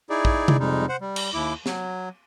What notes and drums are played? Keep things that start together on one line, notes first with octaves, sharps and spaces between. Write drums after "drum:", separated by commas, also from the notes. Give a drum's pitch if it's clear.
D#4 E4 G#4 D5
drum: kick
drum: tom C3
F2 G3 G#3 D#4
C5 F#5
G3
drum: cymbal
D#2 E4 D6
F#3, drum: snare